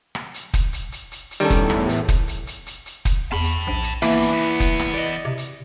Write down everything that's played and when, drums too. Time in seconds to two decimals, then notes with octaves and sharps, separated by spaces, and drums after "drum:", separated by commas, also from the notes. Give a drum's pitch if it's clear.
0.15 drum: rim click
0.34 drum: hi-hat
0.54 drum: kick, hi-hat
0.73 drum: hi-hat
0.92 drum: hi-hat
1.12 drum: hi-hat
1.31 drum: hi-hat
1.40 E2 A2 D#3 G3 C#4 A4
1.50 drum: kick, hi-hat
1.70 drum: rim click
1.89 drum: hi-hat
2.08 drum: kick, hi-hat
2.28 drum: hi-hat
2.47 drum: hi-hat
2.66 drum: hi-hat
2.86 drum: hi-hat
3.05 drum: kick, hi-hat
3.32 E2 A5 B5
3.44 drum: hi-hat
3.67 A#1
3.83 drum: hi-hat
4.02 E3 A#3 B3 D4 B4, drum: hi-hat
4.21 drum: hi-hat
4.32 E2 B3
4.60 drum: kick, hi-hat
4.79 drum: rim click
4.94 D5 D#5
5.25 C3
5.38 drum: hi-hat